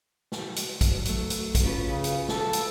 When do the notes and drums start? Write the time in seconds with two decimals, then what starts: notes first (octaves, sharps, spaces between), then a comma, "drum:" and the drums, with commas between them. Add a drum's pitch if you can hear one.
0.32 drum: snare
0.56 drum: hi-hat
0.81 drum: kick, hi-hat
1.05 F#3 A3, drum: hi-hat
1.30 drum: hi-hat
1.55 drum: kick, hi-hat
1.64 C#4 F4 B4
1.87 C#3
2.04 drum: hi-hat
2.28 A4, drum: snare
2.53 drum: hi-hat